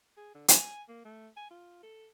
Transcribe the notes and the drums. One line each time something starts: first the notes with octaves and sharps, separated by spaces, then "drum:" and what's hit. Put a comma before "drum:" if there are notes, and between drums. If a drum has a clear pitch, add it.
G#4
D3
G#5, drum: hi-hat
A#3
A3
G#5
F4
A4